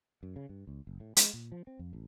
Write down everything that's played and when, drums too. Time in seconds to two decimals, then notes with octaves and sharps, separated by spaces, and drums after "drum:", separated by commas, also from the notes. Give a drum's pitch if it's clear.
0.23 F#2
0.36 C#3
0.49 G2
0.67 C#2
0.87 F#1
1.00 A2
1.17 G#3, drum: hi-hat
1.33 A#2
1.52 F3
1.67 C4
1.79 F2
1.93 A1